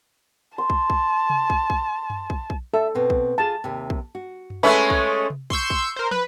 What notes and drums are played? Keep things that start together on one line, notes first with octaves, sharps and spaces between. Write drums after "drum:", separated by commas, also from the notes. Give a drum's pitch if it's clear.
A5 C6
drum: kick
drum: kick
drum: tom C3
drum: kick
drum: kick
drum: tom F#2
drum: kick
drum: kick
A4 E5
B2 C4
drum: kick
F4 G#4 A5
D#2 C3
drum: kick
F#4
drum: tom F#2
G#3 A3 C#4 B4 E5 B5
drum: kick
drum: tom C3
C6 C#6 E6 G6, drum: kick
drum: kick
A#4 C5
B4, drum: tom